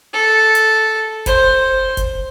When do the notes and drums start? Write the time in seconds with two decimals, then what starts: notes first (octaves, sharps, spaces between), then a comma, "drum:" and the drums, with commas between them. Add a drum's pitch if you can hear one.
0.14 A4
0.55 drum: hi-hat
1.26 C5, drum: kick, hi-hat
1.97 drum: kick, hi-hat